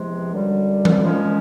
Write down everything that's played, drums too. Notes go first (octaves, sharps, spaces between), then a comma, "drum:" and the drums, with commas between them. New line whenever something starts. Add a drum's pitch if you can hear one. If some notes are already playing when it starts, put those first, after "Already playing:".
Already playing: E2 C3 F3 G#3
F#2 D3 G3
drum: tom E3
A#2 F3 G#3 C#4